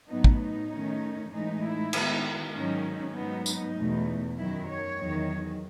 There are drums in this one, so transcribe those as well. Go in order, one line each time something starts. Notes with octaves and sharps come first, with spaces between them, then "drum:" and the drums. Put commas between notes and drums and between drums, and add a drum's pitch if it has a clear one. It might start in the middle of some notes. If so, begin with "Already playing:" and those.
A2 F#3 B3 D#4
drum: kick
D#4
D#3 A3 C#4
A2 E3 G#3 D#4
E4
D#3 G#3 B3, drum: cymbal
G#2 D#3 F#3 C#4 D#4
G#2 F#3 B3 D#4
D#4, drum: tambourine
E2 B2 A3
F#2 D#3 F#3 E4
C#5
E2 D#3 F#3